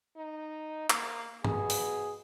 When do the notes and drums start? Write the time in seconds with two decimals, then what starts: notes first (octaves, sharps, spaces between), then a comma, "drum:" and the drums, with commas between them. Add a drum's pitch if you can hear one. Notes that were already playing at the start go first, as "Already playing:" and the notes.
0.17 D#4
0.90 A#3, drum: clap
1.45 B2 G#4, drum: tom G2
1.70 drum: open hi-hat